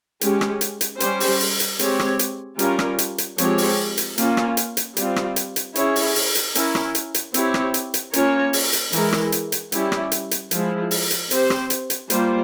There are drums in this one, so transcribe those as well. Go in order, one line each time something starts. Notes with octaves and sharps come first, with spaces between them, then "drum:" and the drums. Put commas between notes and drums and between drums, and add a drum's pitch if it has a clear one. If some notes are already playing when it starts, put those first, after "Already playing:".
G#3 C#4 G4, drum: hi-hat
drum: rim click
drum: hi-hat
drum: hi-hat
G3 C#4 G4 C5, drum: hi-hat
drum: open hi-hat
drum: open hi-hat
drum: hi-hat
G#3 C4 G4 C#5, drum: hi-hat
drum: rim click
drum: hi-hat
G3 C#4 F4 A#4, drum: hi-hat
drum: rim click
drum: hi-hat
drum: hi-hat
F3 G#3 C4 G4 C#5, drum: hi-hat
drum: open hi-hat
drum: hi-hat
A#3 C#4 F4, drum: hi-hat
drum: rim click
drum: hi-hat
drum: hi-hat
G3 C4 F4, drum: hi-hat
drum: rim click
drum: hi-hat
drum: hi-hat
C#4 E4 G#4 C#5, drum: hi-hat
drum: open hi-hat
drum: open hi-hat
drum: hi-hat
C#4 E4 A#4, drum: hi-hat
drum: rim click
drum: hi-hat
drum: hi-hat
C4 E4 G4 C#5, drum: hi-hat
drum: rim click
drum: hi-hat
drum: hi-hat
A#3 C#4 F4 A#4 C#5, drum: hi-hat
drum: open hi-hat
drum: hi-hat
E3 G#3 E4 A#4, drum: hi-hat
drum: rim click
drum: hi-hat
drum: hi-hat
G3 C#4 E4 G4, drum: hi-hat
drum: rim click
drum: hi-hat
drum: hi-hat
F3 G#3 E4, drum: hi-hat
drum: open hi-hat
drum: hi-hat
C4 G4 C5, drum: hi-hat
drum: rim click
drum: hi-hat
drum: hi-hat
G3 A#3 F4 C5, drum: hi-hat